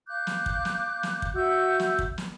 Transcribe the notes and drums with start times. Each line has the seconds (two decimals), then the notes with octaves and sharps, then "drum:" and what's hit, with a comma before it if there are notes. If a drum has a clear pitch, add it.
0.08 F5 D6 F#6 G6
0.27 drum: snare
0.46 drum: kick
0.65 drum: snare
1.03 drum: snare
1.22 drum: kick
1.33 F#4 E5 E6 G6
1.80 drum: snare
1.99 drum: kick
2.18 drum: snare